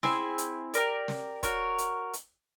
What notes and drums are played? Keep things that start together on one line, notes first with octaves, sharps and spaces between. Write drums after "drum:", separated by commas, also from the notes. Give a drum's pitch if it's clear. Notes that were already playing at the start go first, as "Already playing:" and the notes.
C4 E4 G#4, drum: snare
drum: hi-hat
G4 A#4 D5, drum: hi-hat
drum: snare
F#4 A#4 C#5, drum: kick, hi-hat
drum: hi-hat
drum: hi-hat